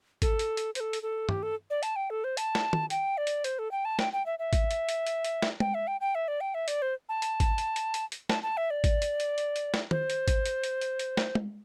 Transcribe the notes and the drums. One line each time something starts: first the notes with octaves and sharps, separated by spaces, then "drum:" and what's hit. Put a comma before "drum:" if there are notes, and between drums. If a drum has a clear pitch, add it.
A4, drum: kick G#1, hi-hat
drum: hi-hat
drum: hi-hat
C5, drum: hi-hat
A4
drum: hi-hat
A4
G4, drum: tom
A4
D5
A5, drum: hi-hat
G5
A4
C5
A5, drum: hi-hat
drum: snare
drum: tom D#3
G5, drum: hi-hat
D5
drum: hi-hat
C5, drum: hi-hat
A4
G5
A5
G5, drum: snare
G5
E5
E5
drum: kick G#1, hi-hat
drum: hi-hat
drum: hi-hat
drum: hi-hat
drum: hi-hat
drum: snare
G5, drum: tom G#3
E5
G5
G5
E5
D5
G5
E5
D5, drum: hi-hat
C5
A5
drum: hi-hat
drum: kick G#1, hi-hat
drum: hi-hat
drum: hi-hat
drum: hi-hat
drum: hi-hat
A5, drum: snare
A5
E5
D5
drum: kick G#1, hi-hat
drum: hi-hat
drum: hi-hat
drum: hi-hat
drum: hi-hat
drum: snare
C5, drum: tom D#3
drum: hi-hat
drum: kick G#1, hi-hat
drum: hi-hat
drum: hi-hat
drum: hi-hat
drum: hi-hat
drum: snare
drum: tom G#3